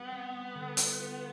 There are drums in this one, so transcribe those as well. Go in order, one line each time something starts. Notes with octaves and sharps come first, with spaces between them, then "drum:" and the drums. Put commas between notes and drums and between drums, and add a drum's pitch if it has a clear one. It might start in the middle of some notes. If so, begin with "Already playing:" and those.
Already playing: G3 B3 G4
C4
C4
D3
F4, drum: hi-hat
F4